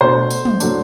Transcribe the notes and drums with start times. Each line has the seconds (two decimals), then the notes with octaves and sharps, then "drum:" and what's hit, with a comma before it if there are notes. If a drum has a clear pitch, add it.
0.01 B2 A3 D4 C5
0.30 drum: tambourine
0.45 drum: tom
0.60 A2 F#3 A3 D4, drum: tambourine